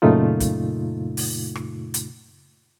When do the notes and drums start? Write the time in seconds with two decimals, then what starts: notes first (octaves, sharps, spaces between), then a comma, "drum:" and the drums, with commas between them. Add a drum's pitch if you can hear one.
0.02 F#2 A#2 C#3 A3 D#4 F4
0.40 drum: kick, hi-hat
1.17 drum: open hi-hat
1.55 drum: rim click
1.94 drum: hi-hat